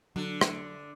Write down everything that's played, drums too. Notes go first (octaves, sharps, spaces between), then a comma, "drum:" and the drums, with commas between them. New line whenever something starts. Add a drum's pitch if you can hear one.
D3 F#3
drum: rim click